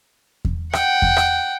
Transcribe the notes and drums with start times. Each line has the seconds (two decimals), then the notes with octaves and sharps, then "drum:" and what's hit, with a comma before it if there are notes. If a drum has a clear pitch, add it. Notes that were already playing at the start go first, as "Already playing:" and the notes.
0.45 drum: kick E2
0.73 F#5 G5, drum: rim click
1.02 drum: kick E2
1.17 drum: rim click